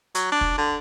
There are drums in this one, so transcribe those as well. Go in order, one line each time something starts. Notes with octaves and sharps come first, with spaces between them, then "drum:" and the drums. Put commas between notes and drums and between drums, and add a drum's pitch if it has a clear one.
F#3, drum: hi-hat
D4
drum: kick
D3